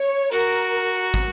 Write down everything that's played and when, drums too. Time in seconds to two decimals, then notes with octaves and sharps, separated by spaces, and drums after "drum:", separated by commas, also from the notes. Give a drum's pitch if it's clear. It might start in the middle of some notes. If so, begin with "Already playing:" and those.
Already playing: C#5
0.32 F#4 A#4
0.52 drum: tambourine
0.93 drum: tambourine
1.14 drum: kick